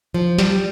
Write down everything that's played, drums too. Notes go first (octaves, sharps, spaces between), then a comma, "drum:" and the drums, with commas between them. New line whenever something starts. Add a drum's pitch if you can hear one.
F3
G3, drum: snare